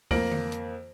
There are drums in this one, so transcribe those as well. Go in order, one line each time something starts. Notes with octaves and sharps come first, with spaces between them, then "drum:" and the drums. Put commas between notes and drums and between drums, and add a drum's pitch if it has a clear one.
F2 A#3 A#6 D7 F#7, drum: kick, open hi-hat
drum: tom D3
drum: hi-hat